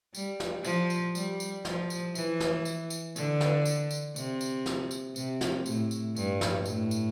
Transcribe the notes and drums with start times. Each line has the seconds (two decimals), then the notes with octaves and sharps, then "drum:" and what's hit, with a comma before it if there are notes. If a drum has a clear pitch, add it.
0.15 G3, drum: tambourine
0.40 drum: snare
0.65 F3, drum: tambourine
0.90 drum: tambourine
1.15 G3, drum: tambourine
1.40 drum: tambourine
1.65 F3, drum: snare
1.90 drum: tambourine
2.15 E3, drum: tambourine
2.40 drum: snare
2.65 drum: tambourine
2.90 drum: tambourine
3.16 D3, drum: tambourine
3.40 drum: snare
3.66 drum: tambourine
3.91 drum: tambourine
4.16 C3, drum: tambourine
4.41 drum: tambourine
4.66 drum: snare
4.91 drum: tambourine
5.16 C3, drum: tambourine
5.41 drum: snare
5.66 A2, drum: tambourine
5.91 drum: tambourine
6.16 G2, drum: tambourine
6.41 drum: snare
6.66 A2, drum: tambourine
6.91 drum: tambourine